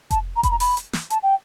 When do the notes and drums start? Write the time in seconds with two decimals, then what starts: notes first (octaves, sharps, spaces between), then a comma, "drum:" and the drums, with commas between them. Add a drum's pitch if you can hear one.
0.11 A5, drum: kick F1, hi-hat
0.36 A#5
0.43 B5, drum: kick F1, hi-hat
0.51 A#5
0.60 B5, drum: open hi-hat
0.77 drum: hi-hat
0.93 drum: snare
1.10 A5, drum: hi-hat
1.23 G5